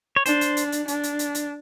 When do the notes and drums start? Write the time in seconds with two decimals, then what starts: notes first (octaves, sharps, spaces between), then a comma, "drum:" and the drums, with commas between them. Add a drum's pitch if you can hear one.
0.16 C#5
0.26 D4 C5, drum: hi-hat
0.41 drum: hi-hat
0.57 drum: hi-hat
0.72 drum: hi-hat
0.88 D4, drum: hi-hat
1.03 drum: hi-hat
1.19 drum: hi-hat
1.35 drum: hi-hat